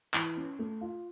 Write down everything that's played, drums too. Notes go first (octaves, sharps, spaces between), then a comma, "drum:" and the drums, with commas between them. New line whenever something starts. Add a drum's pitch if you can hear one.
E3, drum: clap
C#4
A3
F4